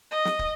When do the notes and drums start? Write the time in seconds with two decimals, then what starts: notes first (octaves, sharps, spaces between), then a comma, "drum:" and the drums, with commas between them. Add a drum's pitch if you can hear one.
0.11 D#5
0.25 drum: snare
0.39 drum: kick